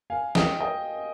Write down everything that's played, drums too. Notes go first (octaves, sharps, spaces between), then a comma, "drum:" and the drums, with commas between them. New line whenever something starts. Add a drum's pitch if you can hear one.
F5 G#5
D#5 G5, drum: snare
D#5 G5